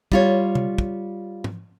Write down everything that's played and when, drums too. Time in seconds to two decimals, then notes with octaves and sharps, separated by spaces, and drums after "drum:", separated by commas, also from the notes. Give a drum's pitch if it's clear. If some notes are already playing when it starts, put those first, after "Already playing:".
0.12 G3 F4 C#5, drum: kick
0.55 drum: tom
0.78 drum: kick
1.44 drum: tom